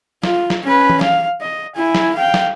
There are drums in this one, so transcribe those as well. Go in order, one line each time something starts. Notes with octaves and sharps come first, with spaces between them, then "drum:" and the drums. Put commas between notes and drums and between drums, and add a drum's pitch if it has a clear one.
F4, drum: snare
drum: snare
C#4 B4
drum: tom E3
F5, drum: snare
D#5
E4 G#5
drum: snare
F5 G5
drum: snare